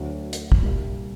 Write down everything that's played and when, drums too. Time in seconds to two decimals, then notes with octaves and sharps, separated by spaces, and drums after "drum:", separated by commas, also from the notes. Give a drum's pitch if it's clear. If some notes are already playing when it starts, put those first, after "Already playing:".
Already playing: D2 D3 F#3 D4
0.33 drum: hi-hat
0.52 drum: kick
0.62 C2 A#2 G3